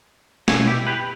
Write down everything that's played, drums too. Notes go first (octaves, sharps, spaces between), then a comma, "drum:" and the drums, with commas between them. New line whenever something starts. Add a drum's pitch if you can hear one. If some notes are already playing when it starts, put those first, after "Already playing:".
B2 C#4 E4, drum: snare
E4 G4
G4 B4